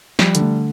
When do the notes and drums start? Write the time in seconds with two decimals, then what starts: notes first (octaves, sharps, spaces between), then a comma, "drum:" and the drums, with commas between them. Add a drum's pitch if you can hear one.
0.19 F3 G3, drum: snare
0.35 D3, drum: hi-hat
0.42 A3